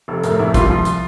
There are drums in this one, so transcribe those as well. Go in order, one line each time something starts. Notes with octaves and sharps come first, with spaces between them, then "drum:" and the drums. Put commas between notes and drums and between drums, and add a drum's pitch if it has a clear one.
F1 A4
A2 A#4, drum: hi-hat
A#1 E4
C2 F4, drum: kick, hi-hat
F3
drum: hi-hat